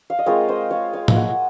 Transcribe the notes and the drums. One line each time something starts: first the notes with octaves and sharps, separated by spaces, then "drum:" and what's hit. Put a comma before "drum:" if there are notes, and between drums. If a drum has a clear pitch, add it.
F5
D#5
G#3 C4 F4 A#4 C#5
C5 D#5
C#5 F5
C#5 F5
F5, drum: tom A2
D#5 F#5